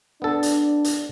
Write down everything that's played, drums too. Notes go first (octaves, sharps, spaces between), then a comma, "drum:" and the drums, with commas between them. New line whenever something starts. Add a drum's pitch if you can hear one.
B3 D4 A4
drum: hi-hat
drum: hi-hat